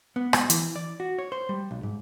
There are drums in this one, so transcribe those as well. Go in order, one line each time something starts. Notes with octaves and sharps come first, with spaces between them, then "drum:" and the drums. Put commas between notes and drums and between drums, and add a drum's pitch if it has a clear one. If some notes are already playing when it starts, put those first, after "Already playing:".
B3
drum: rim click
E3, drum: hi-hat
D5
F#4
C#5
C5
G3
B1
G#2